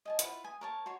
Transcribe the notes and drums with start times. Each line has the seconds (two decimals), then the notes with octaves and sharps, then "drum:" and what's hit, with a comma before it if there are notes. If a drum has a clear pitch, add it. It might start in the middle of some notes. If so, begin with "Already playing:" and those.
0.05 D#5 G#5 A5
0.19 E4 F4 B4 F#5, drum: hi-hat
0.44 G#5 D#6
0.61 A#4 C#5 A5
0.86 F#4 C#5 C6